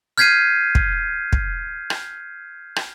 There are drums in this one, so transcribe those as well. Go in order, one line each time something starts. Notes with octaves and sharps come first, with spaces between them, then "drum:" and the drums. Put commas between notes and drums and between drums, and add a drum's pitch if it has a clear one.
F6 G6 G#6 B6 C7 D#7
drum: kick
drum: kick
drum: rim click
drum: rim click